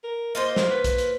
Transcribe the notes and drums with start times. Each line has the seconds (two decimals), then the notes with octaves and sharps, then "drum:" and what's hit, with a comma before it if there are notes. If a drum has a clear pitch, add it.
0.04 A#4
0.35 A#3 F4 C5 D#5
0.56 drum: snare
0.70 B4
0.84 drum: kick, hi-hat
0.98 drum: hi-hat